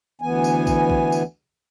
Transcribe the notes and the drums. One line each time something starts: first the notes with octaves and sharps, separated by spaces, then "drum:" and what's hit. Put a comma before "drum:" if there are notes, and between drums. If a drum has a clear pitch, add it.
D2 E3 B3 G#5
drum: tambourine
drum: kick, tambourine
drum: kick
drum: tambourine